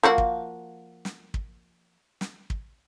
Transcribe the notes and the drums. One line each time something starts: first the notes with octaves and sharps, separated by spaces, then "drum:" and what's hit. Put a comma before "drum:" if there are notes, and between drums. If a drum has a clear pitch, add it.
F3 A#3 F#4
drum: kick
drum: snare
drum: kick
drum: snare
drum: kick